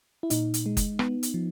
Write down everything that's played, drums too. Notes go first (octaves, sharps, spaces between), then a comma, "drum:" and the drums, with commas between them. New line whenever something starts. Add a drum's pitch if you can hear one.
E4
A#2 D#4, drum: hi-hat
drum: hi-hat
G#3
drum: kick F#1, hi-hat
B3, drum: rim click
drum: hi-hat
F3